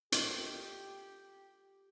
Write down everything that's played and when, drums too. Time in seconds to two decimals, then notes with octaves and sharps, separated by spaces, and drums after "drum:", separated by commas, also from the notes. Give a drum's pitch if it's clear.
0.12 F4 G4 A4 D#5, drum: hi-hat